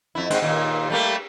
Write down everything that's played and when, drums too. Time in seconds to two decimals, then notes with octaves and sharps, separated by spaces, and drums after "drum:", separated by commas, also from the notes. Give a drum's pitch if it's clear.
0.15 F2 E4
0.30 G#2 C4, drum: cymbal
0.42 D#2 A#2
0.90 G3 A3 A#3